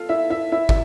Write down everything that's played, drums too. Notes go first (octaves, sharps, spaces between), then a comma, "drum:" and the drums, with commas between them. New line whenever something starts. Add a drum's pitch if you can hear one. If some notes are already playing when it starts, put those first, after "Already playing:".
Already playing: F4 A4 F5
E4 E5
E4 E5
E4 E5
E5, drum: kick